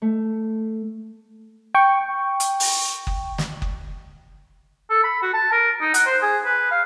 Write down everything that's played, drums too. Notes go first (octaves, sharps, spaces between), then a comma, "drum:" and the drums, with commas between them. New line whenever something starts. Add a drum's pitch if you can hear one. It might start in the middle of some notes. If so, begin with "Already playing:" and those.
A3
G5 C#6
drum: hi-hat
drum: open hi-hat
drum: kick F#1
drum: snare
drum: kick F#1
A4
B5
F#4
A5
A#4
D#4
F#5, drum: hi-hat
C5
G#4
B4
F5